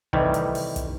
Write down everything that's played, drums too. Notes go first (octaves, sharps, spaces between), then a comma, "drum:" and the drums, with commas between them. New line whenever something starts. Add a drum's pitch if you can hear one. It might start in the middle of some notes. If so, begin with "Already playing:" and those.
C3 D#3 E3 G3 A3, drum: kick
drum: hi-hat
drum: open hi-hat
drum: kick, hi-hat